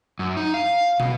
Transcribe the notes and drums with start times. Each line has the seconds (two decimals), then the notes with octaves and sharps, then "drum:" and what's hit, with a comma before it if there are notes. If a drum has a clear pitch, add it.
0.19 F#2
0.37 D#4
0.54 F5
1.00 B2, drum: tom